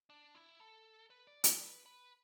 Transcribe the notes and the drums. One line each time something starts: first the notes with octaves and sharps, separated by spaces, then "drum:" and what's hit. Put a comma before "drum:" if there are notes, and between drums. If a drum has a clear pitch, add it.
D4
E4
A4
B4
D5
D5, drum: hi-hat
B4
B4